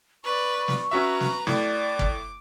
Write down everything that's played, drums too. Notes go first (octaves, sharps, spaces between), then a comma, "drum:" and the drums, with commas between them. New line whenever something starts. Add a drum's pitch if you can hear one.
B4 D5 C#6
drum: snare
C#4 F#4 B4 E5 A#5
drum: snare
A2 D5 D6, drum: snare
drum: kick